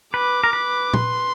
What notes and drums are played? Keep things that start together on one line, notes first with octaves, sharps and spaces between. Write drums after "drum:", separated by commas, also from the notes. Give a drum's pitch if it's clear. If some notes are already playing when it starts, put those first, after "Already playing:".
B4 D6
A#4
B4
C6, drum: tom